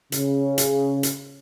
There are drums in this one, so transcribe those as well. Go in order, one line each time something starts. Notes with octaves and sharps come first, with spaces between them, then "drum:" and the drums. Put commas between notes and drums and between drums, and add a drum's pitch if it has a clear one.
C#3, drum: hi-hat
drum: hi-hat
drum: hi-hat